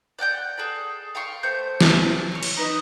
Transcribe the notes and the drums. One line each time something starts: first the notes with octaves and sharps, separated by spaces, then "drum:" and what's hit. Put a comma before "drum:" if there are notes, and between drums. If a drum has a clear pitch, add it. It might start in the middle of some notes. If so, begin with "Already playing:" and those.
D5 F#5 G5 G6
G#4 A4 D5
F5 G5 C6 C#6
A3 C5 G6
drum: snare
C4 C#5
drum: cymbal
D#4 B4 D#5